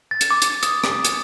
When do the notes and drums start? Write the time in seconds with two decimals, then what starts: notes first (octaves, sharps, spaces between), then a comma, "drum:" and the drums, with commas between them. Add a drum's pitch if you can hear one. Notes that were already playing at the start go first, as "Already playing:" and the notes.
0.11 A6
0.21 drum: hi-hat
0.31 D6
0.42 drum: hi-hat
0.63 D#6, drum: hi-hat
0.84 drum: rim click
1.05 drum: hi-hat